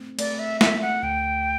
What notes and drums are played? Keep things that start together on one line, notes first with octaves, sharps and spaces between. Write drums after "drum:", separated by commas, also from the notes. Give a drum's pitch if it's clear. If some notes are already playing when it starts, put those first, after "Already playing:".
Already playing: A3 C4
A3 D5, drum: cymbal
E5
A3 E5, drum: snare
F#5
D2 G5